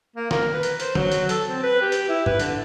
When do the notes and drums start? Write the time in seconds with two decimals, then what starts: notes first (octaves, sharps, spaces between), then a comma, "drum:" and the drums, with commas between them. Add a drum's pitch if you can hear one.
0.16 A#3
0.31 A#4, drum: snare
0.53 B4
0.63 drum: hi-hat
0.80 C5, drum: hi-hat
0.95 F#3, drum: tom D3
1.12 drum: hi-hat
1.29 A4, drum: hi-hat
1.48 C4
1.63 B4
1.82 G4
1.92 drum: hi-hat
2.09 E4
2.26 B4, drum: tom G#2
2.40 D3, drum: hi-hat